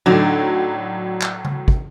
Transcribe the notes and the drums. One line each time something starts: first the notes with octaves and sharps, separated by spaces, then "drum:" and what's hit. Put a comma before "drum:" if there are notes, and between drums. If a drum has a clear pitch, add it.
A2 D3 F#3 D4 D#4
drum: clap
drum: tom C#3
drum: kick